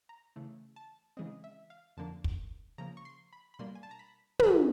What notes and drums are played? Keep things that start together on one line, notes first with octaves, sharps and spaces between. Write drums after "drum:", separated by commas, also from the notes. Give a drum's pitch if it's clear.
A#5
C#3 E3 A3
A5
C#3 E3 G#3 C4 D#5
E5
F5
F2 D3 F3 A#3 D4 A5
drum: kick
C#3 F3 A#3 A#5
C#6
C6
B5
B5
B2 G3 A#3 D4 C6
G#5
A5
A#5
B5
F2 D3 F#3, drum: tom